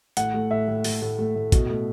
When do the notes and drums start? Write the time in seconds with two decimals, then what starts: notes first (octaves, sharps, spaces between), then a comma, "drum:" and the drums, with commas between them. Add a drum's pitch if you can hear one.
0.17 A2 F#5, drum: hi-hat
0.34 A3
0.51 A2 E5
0.68 A2
0.84 A3, drum: open hi-hat
1.02 A2
1.18 A3
1.36 A2
1.52 B2, drum: kick, hi-hat
1.70 A3